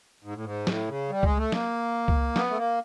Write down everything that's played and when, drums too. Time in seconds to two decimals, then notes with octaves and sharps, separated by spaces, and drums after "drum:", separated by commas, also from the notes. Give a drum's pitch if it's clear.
0.24 G#2
0.35 A2
0.45 G#2
0.67 A2, drum: snare
0.89 C#3
1.09 G3
1.23 G#3, drum: kick C#2
1.37 A3
1.52 A#3, drum: snare
2.08 drum: kick C#2
2.36 B3, drum: snare
2.50 A3
2.57 A#3